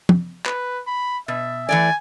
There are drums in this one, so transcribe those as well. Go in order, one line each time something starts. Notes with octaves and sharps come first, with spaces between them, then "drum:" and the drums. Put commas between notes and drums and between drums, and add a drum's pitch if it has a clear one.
drum: tom
B4, drum: clap
B5
B2 E5
E3 A3 D5 G#5